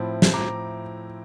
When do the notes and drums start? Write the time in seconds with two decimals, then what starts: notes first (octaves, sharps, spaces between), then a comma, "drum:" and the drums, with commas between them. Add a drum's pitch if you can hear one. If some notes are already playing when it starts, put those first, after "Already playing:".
Already playing: A2 F3 C4 E4 A5
0.22 drum: snare
0.34 A#5 D6